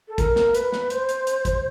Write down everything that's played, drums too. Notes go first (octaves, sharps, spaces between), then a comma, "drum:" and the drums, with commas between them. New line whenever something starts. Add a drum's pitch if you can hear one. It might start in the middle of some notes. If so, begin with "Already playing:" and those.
A4
A#4, drum: kick, hi-hat
drum: snare
B4, drum: hi-hat
drum: snare
C5, drum: hi-hat
drum: hi-hat
drum: hi-hat
drum: kick, hi-hat